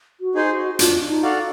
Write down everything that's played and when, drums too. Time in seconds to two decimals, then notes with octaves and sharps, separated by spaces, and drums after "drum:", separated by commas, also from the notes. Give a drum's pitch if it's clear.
0.20 F#4
0.35 D#4 G#4 C5
0.50 F#4
0.79 D4 F4, drum: hi-hat
1.08 D#4
1.23 F#4 A4 D5 F5